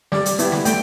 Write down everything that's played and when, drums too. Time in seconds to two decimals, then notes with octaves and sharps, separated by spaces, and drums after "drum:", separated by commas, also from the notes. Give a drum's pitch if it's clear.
0.12 G3 D5, drum: snare
0.26 drum: hi-hat
0.39 B3 E4 G4, drum: hi-hat
0.52 drum: snare
0.65 A3 G5, drum: hi-hat